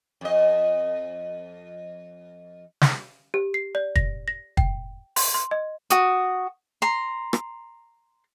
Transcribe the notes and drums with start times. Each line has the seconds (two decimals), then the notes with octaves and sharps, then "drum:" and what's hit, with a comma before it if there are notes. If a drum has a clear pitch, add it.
0.21 F2 D#5
2.81 drum: snare
3.34 G4
3.54 C7
3.75 D5
3.96 A#6, drum: kick
4.28 A#6
4.57 G5, drum: kick
5.16 C6, drum: open hi-hat
5.34 C6
5.51 D#5
5.90 F#4 D#6, drum: hi-hat
6.82 A#5 C6
7.33 drum: rim click